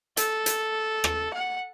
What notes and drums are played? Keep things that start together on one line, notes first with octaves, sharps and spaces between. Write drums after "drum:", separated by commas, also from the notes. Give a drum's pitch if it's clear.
A4, drum: hi-hat
drum: hi-hat
drum: rim click
F#5